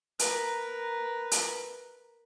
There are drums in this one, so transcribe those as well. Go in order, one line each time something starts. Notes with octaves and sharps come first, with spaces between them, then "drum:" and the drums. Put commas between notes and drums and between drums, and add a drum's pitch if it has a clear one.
A#4 B4, drum: hi-hat
drum: hi-hat